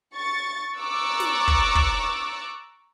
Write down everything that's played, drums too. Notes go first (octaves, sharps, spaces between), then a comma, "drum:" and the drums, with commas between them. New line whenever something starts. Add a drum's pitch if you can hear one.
C#6 A6
A#5 C#6 D6 E6 F#6 A6
drum: snare
drum: kick
drum: kick